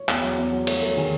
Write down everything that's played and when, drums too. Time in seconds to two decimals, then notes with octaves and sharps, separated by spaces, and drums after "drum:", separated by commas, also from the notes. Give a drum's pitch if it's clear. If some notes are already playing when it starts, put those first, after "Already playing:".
Already playing: C#5
0.09 E2, drum: clap
0.23 F#3
0.38 E2
0.53 F#3
0.67 A3 C#5, drum: cymbal
0.82 F#3 A4
0.97 D#3 G#4